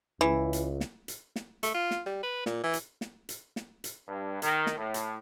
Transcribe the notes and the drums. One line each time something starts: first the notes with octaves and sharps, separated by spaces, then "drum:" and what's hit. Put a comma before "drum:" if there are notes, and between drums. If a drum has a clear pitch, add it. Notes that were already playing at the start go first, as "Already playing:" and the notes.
C#2 E3
drum: hi-hat
drum: snare
drum: hi-hat
drum: snare
A3, drum: hi-hat
F4
drum: snare
G3
B4
A#2, drum: snare
E3
drum: hi-hat
drum: snare
drum: hi-hat
drum: snare
drum: hi-hat
G2
D#3, drum: hi-hat
drum: snare
A2
drum: hi-hat